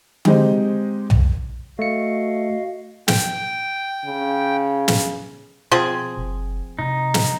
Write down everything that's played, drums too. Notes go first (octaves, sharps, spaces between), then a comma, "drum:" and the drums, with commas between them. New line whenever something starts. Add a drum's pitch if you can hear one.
G#3 C4 D#4 G4 C5 D#5, drum: tom D3
drum: tom
A3 F#4 D#5 F5 C#7
G5, drum: snare
C#3
drum: snare
B2 F3 C4 G#4
F#1
C3 D#4
drum: snare